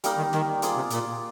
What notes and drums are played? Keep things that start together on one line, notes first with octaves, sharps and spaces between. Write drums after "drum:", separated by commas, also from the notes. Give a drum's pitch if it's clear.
G3 A#3 D#4 A#4, drum: hi-hat
D#3
D#3, drum: snare
A#3 F4 G#4 D5, drum: hi-hat
C3
A#2, drum: hi-hat